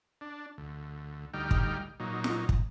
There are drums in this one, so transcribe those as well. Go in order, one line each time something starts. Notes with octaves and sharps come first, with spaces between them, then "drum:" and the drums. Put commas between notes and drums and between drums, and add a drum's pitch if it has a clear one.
D4
D2
D2 G3 D#4 G5 F6
drum: kick
A#2 F#3 D#4
drum: snare
drum: kick